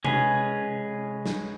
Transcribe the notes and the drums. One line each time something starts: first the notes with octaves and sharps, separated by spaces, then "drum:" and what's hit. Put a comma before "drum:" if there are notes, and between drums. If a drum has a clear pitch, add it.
G#3 C#4 G#4 B4, drum: tom C3
drum: snare